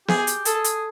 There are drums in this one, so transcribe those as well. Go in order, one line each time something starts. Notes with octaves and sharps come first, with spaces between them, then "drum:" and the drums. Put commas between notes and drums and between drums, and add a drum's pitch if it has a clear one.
G4 G#4, drum: snare
drum: hi-hat
G#4 A4, drum: hi-hat
drum: hi-hat